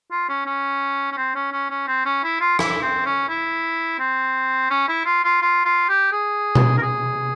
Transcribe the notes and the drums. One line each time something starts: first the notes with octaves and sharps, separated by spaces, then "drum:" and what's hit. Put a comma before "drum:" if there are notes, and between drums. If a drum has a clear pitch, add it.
F4
C#4
C#4
C#4
C4
C#4
C#4
C#4
C4
C#4
E4
F4
E4, drum: rim click
C4
C#4
E4
C4
C#4
E4
F4
F4
F4
F4
G4
G#4
drum: tom B2
A#4
G#4